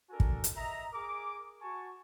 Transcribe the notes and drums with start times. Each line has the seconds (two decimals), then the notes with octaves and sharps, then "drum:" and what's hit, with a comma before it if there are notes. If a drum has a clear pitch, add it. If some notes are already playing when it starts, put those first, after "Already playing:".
0.10 D4 F#4 A4 A#4 G#5
0.20 drum: kick
0.44 drum: hi-hat
0.56 D#5 E5 A#5
0.93 G#4 A#4 D6
1.62 F#4 G#5 A5 C#6